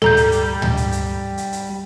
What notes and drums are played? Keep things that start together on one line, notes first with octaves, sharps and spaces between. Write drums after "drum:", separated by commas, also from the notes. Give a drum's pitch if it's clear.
G3 A4 A#5 G6, drum: tom
drum: hi-hat
drum: hi-hat
drum: tom
drum: hi-hat
drum: hi-hat
drum: hi-hat
drum: hi-hat